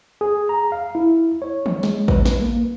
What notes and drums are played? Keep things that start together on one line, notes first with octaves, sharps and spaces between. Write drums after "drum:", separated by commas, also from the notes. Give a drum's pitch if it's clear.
G#4
A#5
F5
E4
C#5
drum: tom
G#3, drum: snare
B4, drum: kick
B4, drum: snare
A#3